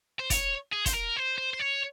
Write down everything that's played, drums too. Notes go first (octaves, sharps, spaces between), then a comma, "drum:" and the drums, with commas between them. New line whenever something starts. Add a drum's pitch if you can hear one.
C5
C#5, drum: kick, hi-hat
G#4
C5, drum: kick, hi-hat
A#4
C5
C5
C5
C#5